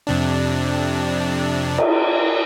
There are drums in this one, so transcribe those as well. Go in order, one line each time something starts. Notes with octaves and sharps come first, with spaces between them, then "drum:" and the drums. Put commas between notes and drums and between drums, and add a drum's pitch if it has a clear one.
F2 C3 D4
drum: cymbal